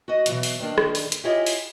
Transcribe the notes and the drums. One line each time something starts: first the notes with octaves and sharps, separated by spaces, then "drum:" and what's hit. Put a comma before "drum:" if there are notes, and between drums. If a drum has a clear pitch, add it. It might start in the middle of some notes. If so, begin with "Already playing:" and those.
F#4 D#5
B2 E3 F#3, drum: hi-hat
drum: open hi-hat
G2 D#3 A#3 D4
drum: rim click
drum: open hi-hat
drum: hi-hat
E4 F4 G4 G#4 C#5 D#5
drum: open hi-hat